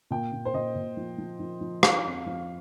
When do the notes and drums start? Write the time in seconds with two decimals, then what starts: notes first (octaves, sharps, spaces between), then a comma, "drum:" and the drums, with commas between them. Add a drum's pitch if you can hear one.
0.11 A#2 G5
0.32 A#2
0.45 C5
0.54 A#2 D#5
0.75 A#2
0.97 F3
1.18 F3
1.40 F3
1.61 F3
1.83 F3 F5, drum: rim click
2.05 F2
2.26 F3